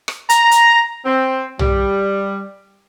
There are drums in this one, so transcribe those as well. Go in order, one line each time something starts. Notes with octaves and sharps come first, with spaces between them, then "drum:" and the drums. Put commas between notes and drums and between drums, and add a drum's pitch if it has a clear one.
drum: rim click
A#5, drum: hi-hat
drum: hi-hat
C4
G3, drum: tom